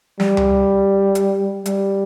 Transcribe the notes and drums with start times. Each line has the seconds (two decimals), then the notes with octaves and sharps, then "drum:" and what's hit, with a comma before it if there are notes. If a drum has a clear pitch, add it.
0.20 G3, drum: snare
0.37 drum: tom C#2
1.15 drum: hi-hat
1.66 G3, drum: hi-hat